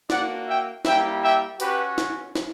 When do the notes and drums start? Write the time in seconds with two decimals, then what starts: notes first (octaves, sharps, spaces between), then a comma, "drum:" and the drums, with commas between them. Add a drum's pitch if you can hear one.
0.10 A#3 D4 F#4 D5 F#5, drum: snare
0.47 E5 G5
0.85 G3 A#3 E4 G4 E5 G5, drum: snare
1.23 E5 G5
1.60 C#4 F#4 G4 B4, drum: hi-hat
1.98 drum: snare
2.35 drum: snare